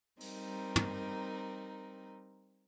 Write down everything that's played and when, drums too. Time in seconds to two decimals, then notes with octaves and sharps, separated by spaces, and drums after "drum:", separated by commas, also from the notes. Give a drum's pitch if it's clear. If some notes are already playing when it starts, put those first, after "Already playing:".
0.21 G3 C4 D#4 A#4, drum: open hi-hat
0.76 drum: tom